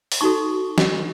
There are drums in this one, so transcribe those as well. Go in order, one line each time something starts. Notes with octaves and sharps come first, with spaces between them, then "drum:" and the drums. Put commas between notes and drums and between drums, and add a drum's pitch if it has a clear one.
drum: open hi-hat
D#4 F#4 A4 C#6
drum: snare